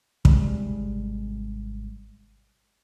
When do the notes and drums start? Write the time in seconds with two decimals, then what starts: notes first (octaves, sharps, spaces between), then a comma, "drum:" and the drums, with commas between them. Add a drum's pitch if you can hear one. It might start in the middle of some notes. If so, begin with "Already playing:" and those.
0.25 G#1 C3 G3 G#3, drum: kick